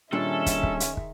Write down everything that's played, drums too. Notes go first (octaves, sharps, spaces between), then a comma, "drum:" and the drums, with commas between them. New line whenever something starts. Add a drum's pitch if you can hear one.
A#2 D#3 G3 G#3 C#4 D4 A4 E5
drum: kick, hi-hat
drum: kick
drum: hi-hat
drum: kick